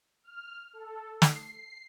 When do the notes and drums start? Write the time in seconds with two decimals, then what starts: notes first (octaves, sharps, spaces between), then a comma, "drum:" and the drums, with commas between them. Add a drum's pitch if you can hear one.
0.24 F6
0.73 A4
1.22 C7, drum: snare